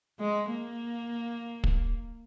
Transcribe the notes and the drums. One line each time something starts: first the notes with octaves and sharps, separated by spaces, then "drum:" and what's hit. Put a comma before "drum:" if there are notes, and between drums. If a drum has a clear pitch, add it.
G#3
A#3
drum: kick